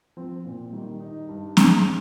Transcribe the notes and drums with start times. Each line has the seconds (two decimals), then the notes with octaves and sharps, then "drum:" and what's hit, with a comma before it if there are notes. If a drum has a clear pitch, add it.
0.17 F3 C4
0.45 A#2
0.73 D#3 G3
1.00 D#4
1.29 G2
1.57 G3 G#3, drum: snare C4